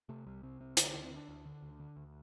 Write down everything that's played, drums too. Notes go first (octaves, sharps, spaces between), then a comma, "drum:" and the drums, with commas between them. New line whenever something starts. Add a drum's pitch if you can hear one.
C3 A3
C2 G3
C3 C4
C2 C4
D3, drum: hi-hat
D2 D4
C4
D3
D4
D2
D3
D2
D3
D2